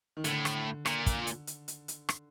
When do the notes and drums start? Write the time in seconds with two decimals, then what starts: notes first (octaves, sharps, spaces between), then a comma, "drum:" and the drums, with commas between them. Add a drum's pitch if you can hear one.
0.17 D#3
0.24 A2 D3, drum: hi-hat
0.45 drum: rim click
0.86 A#2, drum: rim click
1.06 drum: kick, hi-hat
1.27 drum: hi-hat
1.47 drum: hi-hat
1.68 drum: hi-hat
1.88 drum: hi-hat
2.09 drum: rim click